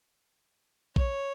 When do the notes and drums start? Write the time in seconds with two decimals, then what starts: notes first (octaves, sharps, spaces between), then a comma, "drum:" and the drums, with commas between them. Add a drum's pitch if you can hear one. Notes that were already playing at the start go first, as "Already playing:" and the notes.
0.96 C#5, drum: kick A#1